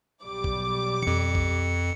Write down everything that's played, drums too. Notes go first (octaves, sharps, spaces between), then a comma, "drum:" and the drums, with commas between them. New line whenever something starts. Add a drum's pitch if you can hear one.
B1 G3 D6
drum: kick
F2 C#7, drum: tom E3
drum: kick